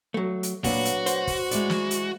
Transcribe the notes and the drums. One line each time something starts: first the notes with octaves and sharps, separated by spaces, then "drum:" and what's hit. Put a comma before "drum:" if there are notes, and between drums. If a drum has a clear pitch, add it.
F#3 A3
drum: hi-hat
A#2 F#3 B3 D4 F#4, drum: kick, open hi-hat
drum: hi-hat
C5, drum: hi-hat
drum: kick, open hi-hat
G#3 E4 D5, drum: hi-hat
drum: snare
drum: hi-hat